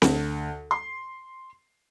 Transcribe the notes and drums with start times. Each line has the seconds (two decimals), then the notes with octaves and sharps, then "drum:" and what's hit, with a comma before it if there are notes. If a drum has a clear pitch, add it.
0.02 D2, drum: snare C4
0.71 C6